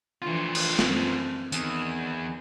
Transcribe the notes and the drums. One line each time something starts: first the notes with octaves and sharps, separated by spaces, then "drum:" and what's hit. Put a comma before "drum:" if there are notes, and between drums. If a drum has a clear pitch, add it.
E3 F3 A3 D4 F4
drum: cymbal
F#2 C4, drum: snare
E2 D#3, drum: tambourine